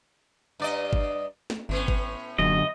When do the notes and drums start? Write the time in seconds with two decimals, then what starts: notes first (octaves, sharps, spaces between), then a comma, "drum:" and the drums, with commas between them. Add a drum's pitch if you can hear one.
0.60 G2 D5 D#5
0.93 drum: kick G1
1.50 drum: snare
1.69 G#1 A2 B3 C#4
1.88 drum: kick G1
2.38 E1 F#2 D3 F#3 D#5